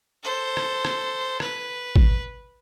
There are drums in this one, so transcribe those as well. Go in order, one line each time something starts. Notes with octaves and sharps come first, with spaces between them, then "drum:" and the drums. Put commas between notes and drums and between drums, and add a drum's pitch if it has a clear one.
A4 C5
drum: rim click
drum: rim click
B4, drum: rim click
drum: kick